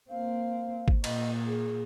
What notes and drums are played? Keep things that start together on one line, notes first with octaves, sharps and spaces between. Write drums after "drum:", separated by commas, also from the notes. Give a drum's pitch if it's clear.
A#3 C4 F5
drum: kick
A#2 D#5, drum: cymbal
G#4